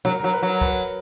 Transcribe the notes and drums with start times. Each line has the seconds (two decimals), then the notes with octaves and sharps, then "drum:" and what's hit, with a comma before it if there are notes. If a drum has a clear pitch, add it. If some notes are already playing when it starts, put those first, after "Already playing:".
0.05 F#3 A#4, drum: tom B2
0.19 F#3 A#4
0.33 B4
0.42 F#3 A#4
0.61 B4, drum: kick